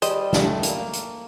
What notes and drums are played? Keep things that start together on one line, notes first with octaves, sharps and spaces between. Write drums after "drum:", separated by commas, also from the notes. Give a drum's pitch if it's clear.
G3 C5 D#5, drum: hi-hat
A3, drum: snare
A#3, drum: hi-hat
drum: hi-hat